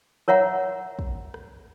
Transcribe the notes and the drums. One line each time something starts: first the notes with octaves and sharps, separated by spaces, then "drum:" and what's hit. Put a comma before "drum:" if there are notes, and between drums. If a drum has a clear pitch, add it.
A#4 C#5 E5 F#5 A#5
drum: kick
drum: rim click